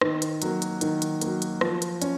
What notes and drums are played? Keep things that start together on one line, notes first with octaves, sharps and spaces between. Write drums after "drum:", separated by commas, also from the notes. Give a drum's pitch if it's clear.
D#3, drum: rim click
drum: hi-hat
F#3 A#3, drum: hi-hat
drum: hi-hat
D#3, drum: hi-hat
drum: hi-hat
F#3 A#3, drum: hi-hat
drum: hi-hat
F3, drum: rim click
drum: hi-hat
C#4, drum: hi-hat